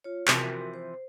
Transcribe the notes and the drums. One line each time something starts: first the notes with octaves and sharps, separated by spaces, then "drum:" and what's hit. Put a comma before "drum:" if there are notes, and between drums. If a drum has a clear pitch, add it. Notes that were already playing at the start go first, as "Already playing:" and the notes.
F4 C#5
C3 E3 F3 F#4 A#4, drum: clap
C5